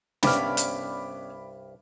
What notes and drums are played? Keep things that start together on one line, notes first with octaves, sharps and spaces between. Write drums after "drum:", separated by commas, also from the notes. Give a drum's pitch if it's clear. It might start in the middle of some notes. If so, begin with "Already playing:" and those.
C2 G2 B3 C#4 D4 B5 D6 F6, drum: snare
drum: hi-hat